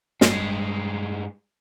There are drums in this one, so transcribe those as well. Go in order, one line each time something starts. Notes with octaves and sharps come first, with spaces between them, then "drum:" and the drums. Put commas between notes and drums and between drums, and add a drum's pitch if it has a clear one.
G2 G#3, drum: snare